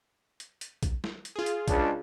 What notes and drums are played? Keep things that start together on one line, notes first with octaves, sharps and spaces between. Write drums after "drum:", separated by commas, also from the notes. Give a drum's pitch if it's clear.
drum: hi-hat
drum: hi-hat
drum: kick, hi-hat
drum: snare
drum: hi-hat
F4 G#4
drum: hi-hat
C#2 D4, drum: kick, hi-hat